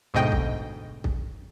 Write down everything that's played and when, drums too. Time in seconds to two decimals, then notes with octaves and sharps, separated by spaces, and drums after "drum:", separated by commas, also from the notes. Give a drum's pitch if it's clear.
0.14 D2 G#2 B2 D#5 G5
0.32 drum: kick
1.04 drum: kick